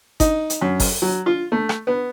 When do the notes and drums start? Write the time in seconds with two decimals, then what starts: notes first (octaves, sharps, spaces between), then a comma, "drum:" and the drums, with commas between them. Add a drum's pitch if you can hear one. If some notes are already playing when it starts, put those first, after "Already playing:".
0.20 D#4, drum: kick G1, hi-hat
0.50 drum: hi-hat
0.61 F#2
0.80 drum: kick G1, open hi-hat
1.02 F#3
1.26 F4
1.52 A3
1.69 drum: rim click
1.87 B3